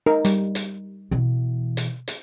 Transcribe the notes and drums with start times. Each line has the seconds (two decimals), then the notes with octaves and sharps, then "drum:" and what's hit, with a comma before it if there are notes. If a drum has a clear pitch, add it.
0.06 D#4 A#4
0.25 G3, drum: hi-hat
0.55 drum: hi-hat
1.11 B2 E3
1.77 drum: hi-hat
2.08 drum: hi-hat